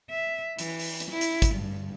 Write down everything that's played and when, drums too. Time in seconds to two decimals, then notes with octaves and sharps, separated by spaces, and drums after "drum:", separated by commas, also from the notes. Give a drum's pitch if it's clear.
0.10 E5
0.59 E3, drum: hi-hat
0.79 drum: open hi-hat
1.00 drum: hi-hat
1.10 E4
1.21 drum: hi-hat
1.42 drum: kick, hi-hat
1.55 G2